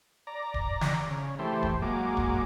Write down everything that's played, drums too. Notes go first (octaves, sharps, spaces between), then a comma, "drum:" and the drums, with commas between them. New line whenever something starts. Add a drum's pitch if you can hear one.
D5 A#5
drum: kick D1
drum: snare
C#3
E3 A3 G4 C5
drum: kick D1
F#3 G#3 A#3 D6
drum: kick D1